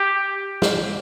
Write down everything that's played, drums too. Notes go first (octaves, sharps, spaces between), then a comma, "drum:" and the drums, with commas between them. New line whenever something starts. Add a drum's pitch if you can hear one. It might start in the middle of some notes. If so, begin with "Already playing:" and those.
Already playing: G4
drum: snare